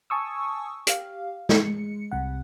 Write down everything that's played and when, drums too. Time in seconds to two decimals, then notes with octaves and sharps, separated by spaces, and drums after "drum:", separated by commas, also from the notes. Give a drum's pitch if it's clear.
0.10 G#5 A5 C#6 D#6 E6
0.87 G4 F5, drum: hi-hat
1.49 G#3 C#7, drum: snare
2.11 C2 C3 F#5